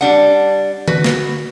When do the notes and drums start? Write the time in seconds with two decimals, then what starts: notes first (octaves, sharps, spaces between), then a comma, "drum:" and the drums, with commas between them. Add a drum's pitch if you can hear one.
0.01 G3 D4 F#5
0.88 F#4 B4, drum: tom D3
1.04 drum: snare